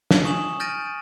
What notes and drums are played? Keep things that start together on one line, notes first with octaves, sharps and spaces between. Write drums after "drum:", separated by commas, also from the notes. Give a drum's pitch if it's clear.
drum: snare
G#5 C#6 D#6 E7 F#7
F6 G6 A6 A#6 D7 D#7